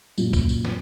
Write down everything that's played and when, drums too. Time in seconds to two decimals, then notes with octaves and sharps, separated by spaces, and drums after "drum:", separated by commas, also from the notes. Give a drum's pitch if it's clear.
0.18 F#2 A#2, drum: tambourine
0.33 drum: kick, tambourine
0.49 drum: tambourine
0.65 drum: snare